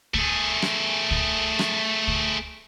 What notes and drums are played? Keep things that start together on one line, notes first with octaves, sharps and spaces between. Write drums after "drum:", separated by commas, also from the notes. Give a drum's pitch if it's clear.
A3 G#4, drum: kick C#2
drum: rim click
drum: kick C#2
drum: rim click
drum: kick C#2